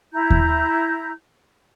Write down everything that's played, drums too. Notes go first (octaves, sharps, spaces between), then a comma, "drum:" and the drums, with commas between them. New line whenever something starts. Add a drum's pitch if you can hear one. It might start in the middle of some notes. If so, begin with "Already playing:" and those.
E4 A#5 G6
drum: kick D#2